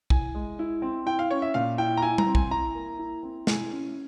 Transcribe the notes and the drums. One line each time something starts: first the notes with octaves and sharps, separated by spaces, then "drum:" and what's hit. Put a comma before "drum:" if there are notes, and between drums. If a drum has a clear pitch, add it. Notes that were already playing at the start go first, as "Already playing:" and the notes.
E4 G#5, drum: kick
G#3
E4
C4
E4 G5
F5
C#4 C#5
E5
A#2 F5
E4 G5
A#5
E4 G#5
A#5, drum: tom G3
C4
G#5, drum: kick
E4 A#5
A#3
E4
C4
E4 G#5, drum: snare
C#4